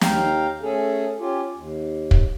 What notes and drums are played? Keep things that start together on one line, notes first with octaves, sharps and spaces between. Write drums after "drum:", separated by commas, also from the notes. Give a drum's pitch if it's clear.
D#2 F5 G5 A#5, drum: snare
A3 C#4 G#4 A4
C#4 F4 G4
D#2
drum: kick